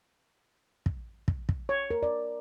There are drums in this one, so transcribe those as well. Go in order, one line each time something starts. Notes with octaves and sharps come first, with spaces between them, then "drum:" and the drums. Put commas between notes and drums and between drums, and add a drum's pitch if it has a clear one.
drum: kick
drum: kick
drum: kick
C#5
A#4
D5